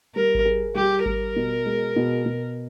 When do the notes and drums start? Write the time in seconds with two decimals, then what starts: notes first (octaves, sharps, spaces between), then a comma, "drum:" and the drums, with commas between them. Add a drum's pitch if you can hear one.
0.15 G3 A#4
0.35 drum: kick G#1
0.45 G#4
0.75 G3 G4
1.06 G3 A#4, drum: kick G#1
1.36 B2
1.66 G#3
1.96 B2
2.26 B2